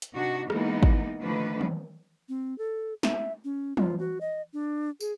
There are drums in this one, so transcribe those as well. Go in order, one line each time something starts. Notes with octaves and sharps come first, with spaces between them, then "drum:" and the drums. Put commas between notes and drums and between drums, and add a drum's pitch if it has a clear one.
drum: hi-hat
C3 D4 D#4 F#4
E3 G#3 A#3 B3 D#4, drum: rim click
drum: kick G#1
D3 D#3 F3 A3 D4 B4
drum: tom
C4
A4
E5, drum: snare
C#4
F4, drum: tom
F#4
D#5
D4
G#4, drum: tambourine